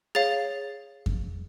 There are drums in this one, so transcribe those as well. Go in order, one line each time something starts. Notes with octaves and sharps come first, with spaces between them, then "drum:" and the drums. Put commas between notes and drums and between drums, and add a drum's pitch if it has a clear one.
G#4 C#5 F5 A6
drum: kick F2